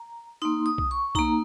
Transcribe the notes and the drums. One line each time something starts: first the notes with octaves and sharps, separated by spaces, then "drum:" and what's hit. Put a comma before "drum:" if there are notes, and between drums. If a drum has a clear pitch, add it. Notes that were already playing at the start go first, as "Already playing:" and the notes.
Already playing: A#5
A#3 D#4 C6
D#6
drum: kick B1
C#6
A#3 D#4 A#5, drum: kick B1